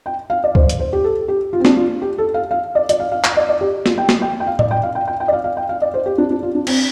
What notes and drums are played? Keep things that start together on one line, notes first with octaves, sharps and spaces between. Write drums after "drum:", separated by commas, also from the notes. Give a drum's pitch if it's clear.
G5
F5
D5
C5, drum: kick C#2
drum: hi-hat
C5
G4
A4
G4
F4
C4
D4, drum: snare
F4
G4
A4
F5
F5
D5
D5, drum: hi-hat
F5
F5
F5, drum: clap
D5
D5
G4
F4, drum: snare
G5
drum: snare
G5
G5
F5
D5, drum: tom A2
G5
F5
G5
G5
G5
D5
F5
F5
G5
F5
D5
C5
G4
D4
D4
F4
D4
C4, drum: cymbal